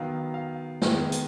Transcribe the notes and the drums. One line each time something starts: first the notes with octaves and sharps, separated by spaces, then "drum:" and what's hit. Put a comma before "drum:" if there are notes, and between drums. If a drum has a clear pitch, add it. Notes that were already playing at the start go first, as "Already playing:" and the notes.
Already playing: D#3 F#3 B3 F5
F5
D#3 G#3 B3, drum: snare
drum: hi-hat